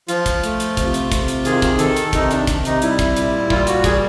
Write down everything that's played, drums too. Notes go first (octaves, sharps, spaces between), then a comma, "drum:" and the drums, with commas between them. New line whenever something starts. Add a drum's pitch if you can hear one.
F3 F4, drum: hi-hat
drum: kick, hi-hat
A3, drum: hi-hat
drum: hi-hat
C3, drum: kick, hi-hat
drum: hi-hat
C3, drum: kick, hi-hat
drum: hi-hat
D#3 G#4, drum: hi-hat
drum: kick, hi-hat
D#3 A4, drum: hi-hat
drum: hi-hat
C3 D#4, drum: kick, hi-hat
D4, drum: hi-hat
C3, drum: kick, hi-hat
D#4, drum: hi-hat
G3 E4, drum: hi-hat
drum: kick, hi-hat
A#2, drum: hi-hat
G3 F4, drum: kick
F#4, drum: hi-hat
A#2 G#4, drum: kick, hi-hat